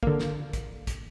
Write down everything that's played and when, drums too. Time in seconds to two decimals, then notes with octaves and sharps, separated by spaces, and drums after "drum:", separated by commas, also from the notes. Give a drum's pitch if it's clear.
0.03 D3 A#3, drum: kick
0.20 drum: snare
0.53 drum: kick, hi-hat
0.87 drum: kick, hi-hat